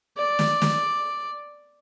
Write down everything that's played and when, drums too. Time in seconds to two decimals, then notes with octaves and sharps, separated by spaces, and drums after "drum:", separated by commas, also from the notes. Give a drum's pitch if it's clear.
0.18 D5
0.39 drum: snare
0.62 drum: snare